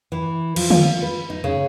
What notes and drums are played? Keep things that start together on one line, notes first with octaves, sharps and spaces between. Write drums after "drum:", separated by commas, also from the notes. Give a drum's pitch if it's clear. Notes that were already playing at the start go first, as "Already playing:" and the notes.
E3
F3, drum: cymbal
F4, drum: tom D3
B4
D#4
C#3